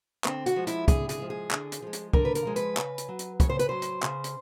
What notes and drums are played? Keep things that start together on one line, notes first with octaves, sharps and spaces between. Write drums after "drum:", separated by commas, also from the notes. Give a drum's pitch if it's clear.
D3 C4, drum: clap
F#4, drum: hi-hat
F3 G#3
E4, drum: hi-hat
D3 G#4, drum: kick, hi-hat
G#4, drum: hi-hat
F3 G#3
G#4
D3, drum: clap
drum: hi-hat
F3 G#3
drum: hi-hat
D3 A#4, drum: kick
B4
A#4, drum: hi-hat
F3 G#3
B4, drum: hi-hat
C#3, drum: clap
drum: hi-hat
F#3
drum: hi-hat
C#3 C#5, drum: kick, hi-hat
C5
B4, drum: hi-hat
F#3 C5
drum: hi-hat
C#3, drum: clap
drum: hi-hat